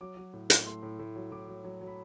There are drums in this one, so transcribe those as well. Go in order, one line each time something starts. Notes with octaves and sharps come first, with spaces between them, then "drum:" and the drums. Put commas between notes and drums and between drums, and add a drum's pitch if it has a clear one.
F#3 D6
F#3
A2
A2, drum: hi-hat
A3 C6
A2
A2
F#3
A2 D6
F#3
F#3
F#3
B5